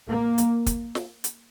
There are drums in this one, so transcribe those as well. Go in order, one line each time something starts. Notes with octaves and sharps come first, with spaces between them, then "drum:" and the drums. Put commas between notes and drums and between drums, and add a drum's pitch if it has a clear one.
A#3
drum: hi-hat
drum: kick, hi-hat
drum: snare
drum: hi-hat